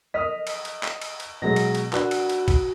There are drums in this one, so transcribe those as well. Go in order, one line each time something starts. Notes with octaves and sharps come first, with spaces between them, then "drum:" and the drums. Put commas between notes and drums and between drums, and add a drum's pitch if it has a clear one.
D#5 D#6 F6 B6
drum: cymbal
drum: cymbal
drum: clap
drum: cymbal
drum: cymbal
B2 F#3 G#3 A#6
drum: cymbal
drum: cymbal
D4 F#4 B4 E6, drum: clap
drum: cymbal
drum: cymbal
drum: kick A#1, cymbal